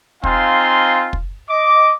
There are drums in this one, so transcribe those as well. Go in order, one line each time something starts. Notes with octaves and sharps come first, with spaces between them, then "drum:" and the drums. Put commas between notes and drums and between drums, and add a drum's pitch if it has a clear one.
C4 D#4 F4 F5 G#5 C6, drum: kick
drum: kick
D#5 D6